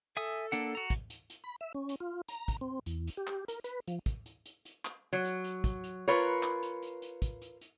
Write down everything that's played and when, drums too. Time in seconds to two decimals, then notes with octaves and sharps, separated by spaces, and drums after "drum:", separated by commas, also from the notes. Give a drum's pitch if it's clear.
0.17 A4 E5 G#5 D#6
0.52 A#3 D4 F#5, drum: hi-hat
0.75 F#4 A#5
0.90 drum: kick, hi-hat
1.10 drum: hi-hat
1.30 drum: hi-hat
1.44 B5
1.61 E5
1.75 C#4
1.89 drum: hi-hat
2.00 F4
2.28 A#5, drum: hi-hat
2.48 drum: kick, hi-hat
2.61 C4
2.86 E2, drum: hi-hat
3.07 drum: hi-hat
3.17 G4
3.27 drum: clap
3.48 A#4, drum: hi-hat
3.64 B4, drum: hi-hat
3.88 F3, drum: hi-hat
4.06 drum: kick, hi-hat
4.26 drum: hi-hat
4.46 drum: hi-hat
4.65 drum: hi-hat
4.85 drum: clap
5.13 F#3
5.25 drum: hi-hat
5.44 drum: hi-hat
5.64 drum: kick, hi-hat
5.84 drum: hi-hat
6.08 F4 A#4 B4 C#5
6.43 drum: clap
6.63 drum: hi-hat
6.82 drum: hi-hat
7.02 drum: hi-hat
7.22 drum: kick, hi-hat
7.42 drum: hi-hat
7.61 drum: hi-hat